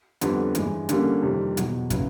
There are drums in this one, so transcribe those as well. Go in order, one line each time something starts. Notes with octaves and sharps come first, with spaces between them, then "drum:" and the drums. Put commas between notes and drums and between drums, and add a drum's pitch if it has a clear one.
F2 D3 G3 B3, drum: hi-hat
G2 E3 G#3, drum: hi-hat
D3 G3 A#3 C#4, drum: hi-hat
F2 C3 D#3 G3
E2 B2 F#3, drum: hi-hat
C#3 F#3 B3 E4, drum: kick, hi-hat